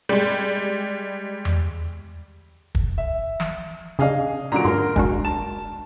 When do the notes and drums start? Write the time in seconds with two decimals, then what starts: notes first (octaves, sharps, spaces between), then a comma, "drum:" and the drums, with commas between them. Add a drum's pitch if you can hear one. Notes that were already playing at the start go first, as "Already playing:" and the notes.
0.09 G3 G#3
1.45 drum: tom E2
2.75 drum: kick
2.98 E5
3.40 drum: snare
3.99 C#3 D4 G#4 D#5 F5
4.52 A#2 D3 F#3 A#5 D7
4.65 G#2 A#4 C6
4.96 G#3 D4 F#4, drum: kick
5.25 A5 E7